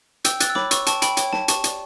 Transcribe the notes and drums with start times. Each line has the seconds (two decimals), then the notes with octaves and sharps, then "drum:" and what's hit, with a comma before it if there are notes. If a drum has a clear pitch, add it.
0.25 G5 E6 G6, drum: hi-hat
0.40 G5 F#6 A6, drum: hi-hat
0.50 E6
0.55 C#5 B5 D6, drum: snare
0.71 C#5 C#6 E6, drum: hi-hat
0.86 G5 A5 C#6, drum: hi-hat
1.02 G5 B5, drum: hi-hat
1.17 C#5 G5, drum: hi-hat
1.33 C#5 A5, drum: snare
1.48 G4 A5 C#6, drum: hi-hat
1.64 D5, drum: hi-hat